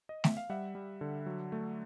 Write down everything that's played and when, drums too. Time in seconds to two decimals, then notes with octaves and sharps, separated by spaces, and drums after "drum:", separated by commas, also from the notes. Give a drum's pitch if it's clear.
0.09 D#5
0.24 E5, drum: snare
0.37 F5
0.50 G3 E5 F#5
0.75 G3
1.01 D3
1.26 F#3
1.52 A3